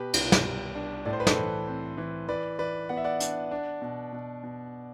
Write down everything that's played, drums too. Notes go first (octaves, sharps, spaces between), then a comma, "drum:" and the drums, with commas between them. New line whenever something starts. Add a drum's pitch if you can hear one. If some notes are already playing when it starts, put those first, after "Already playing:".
Already playing: B2 G4 B4
C2, drum: cymbal
drum: snare
G3
D4
A2 D5
C5
B4
A4 C5, drum: snare
E3
C4
E3
E3 B4 D5
E3 B4 D5
B3 F#5
E5
D5 F#5
D4, drum: hi-hat
D4
B2
B2
B2